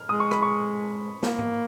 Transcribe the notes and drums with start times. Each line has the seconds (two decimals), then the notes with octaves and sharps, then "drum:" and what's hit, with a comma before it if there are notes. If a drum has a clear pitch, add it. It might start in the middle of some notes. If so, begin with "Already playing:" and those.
Already playing: F6
0.09 G#3 D#6
0.20 C#6
0.31 B5, drum: rim click
0.42 C#6
1.23 A#3, drum: snare
1.39 drum: tom